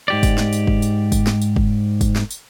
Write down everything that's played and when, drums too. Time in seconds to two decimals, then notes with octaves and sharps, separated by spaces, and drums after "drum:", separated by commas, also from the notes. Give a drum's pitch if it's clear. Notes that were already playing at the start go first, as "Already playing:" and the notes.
0.08 G#2 G4 D5
0.23 drum: kick, tambourine
0.38 drum: snare
0.53 drum: tambourine
0.67 drum: kick
0.82 drum: tambourine
1.12 drum: kick, tambourine
1.27 drum: snare
1.42 drum: tambourine
1.56 drum: kick
2.01 drum: kick, tambourine
2.16 drum: snare
2.31 drum: tambourine